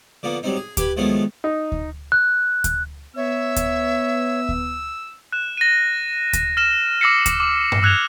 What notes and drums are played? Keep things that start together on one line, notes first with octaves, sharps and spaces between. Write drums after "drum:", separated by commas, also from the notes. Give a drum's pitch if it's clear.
D3 F3 A#3 B3
F#3 G3 C4 D#4
G#4
G4 B4 G#5 B5, drum: kick D2, hi-hat
D#3 F3 F#3 G#3 A3 B3
D#4
drum: kick D2
F#6
drum: kick D2, hi-hat
B3 C#5 E5 E6
drum: kick D2, hi-hat
drum: kick D2
F#6 E7
A#6 D#7
drum: kick D2, hi-hat
F6 A#6 E7
D6 E6 A#6 C7 C#7
drum: kick D2, hi-hat
D6
drum: tom G2
E6 F#6 G#6 F7 G7